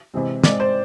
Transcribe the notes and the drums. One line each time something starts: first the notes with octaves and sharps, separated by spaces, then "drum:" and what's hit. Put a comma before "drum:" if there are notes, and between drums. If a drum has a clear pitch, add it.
C3 E3 G#3 C4
G#2 G#3 C4 D5, drum: snare
C5